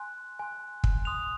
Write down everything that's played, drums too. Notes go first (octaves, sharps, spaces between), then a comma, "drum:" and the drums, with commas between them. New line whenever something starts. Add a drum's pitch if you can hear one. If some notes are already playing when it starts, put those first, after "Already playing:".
Already playing: G#5 C6 F#6
G#5 C6 F#6
drum: kick
C6 D#6 F#6 F7